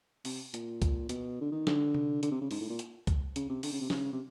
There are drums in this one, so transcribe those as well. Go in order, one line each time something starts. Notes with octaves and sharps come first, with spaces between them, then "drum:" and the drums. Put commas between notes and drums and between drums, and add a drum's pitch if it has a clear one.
C3, drum: open hi-hat
A#2, drum: hi-hat
drum: kick C#2, hi-hat
B2, drum: hi-hat
D3
D#3
D3, drum: snare
drum: tom C3
D3, drum: hi-hat
C3
C#3
G#2, drum: open hi-hat
A2
A#2
drum: hi-hat
drum: kick C#2, hi-hat
C#3, drum: hi-hat
C3
D3, drum: open hi-hat
C#3
C3
C#3, drum: snare
C3